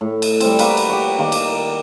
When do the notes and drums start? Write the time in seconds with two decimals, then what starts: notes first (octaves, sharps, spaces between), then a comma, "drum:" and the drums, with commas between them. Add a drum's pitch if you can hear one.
0.01 A2
0.22 drum: cymbal
0.40 G3 C4, drum: cymbal
0.59 A#3 F#4 B4 B5, drum: cymbal
0.77 drum: cymbal
0.89 G4 C#5
1.18 D#3 A#3 D5 D6
1.32 drum: cymbal